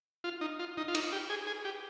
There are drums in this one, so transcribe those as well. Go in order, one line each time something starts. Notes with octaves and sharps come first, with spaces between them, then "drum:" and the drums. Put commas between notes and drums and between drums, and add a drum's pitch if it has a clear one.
F4
D#4
F4
D#4
F4
D#4, drum: cymbal
G4
G#4
G#4
G4